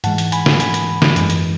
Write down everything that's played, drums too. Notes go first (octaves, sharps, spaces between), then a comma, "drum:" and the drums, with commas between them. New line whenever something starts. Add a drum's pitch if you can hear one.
G#2 E3 G#3 F#5 A5, drum: hi-hat
drum: hi-hat
G#5 B5, drum: hi-hat
drum: snare
G#5 B5, drum: hi-hat
drum: hi-hat
drum: snare
F#2 E3 G#3, drum: hi-hat
drum: hi-hat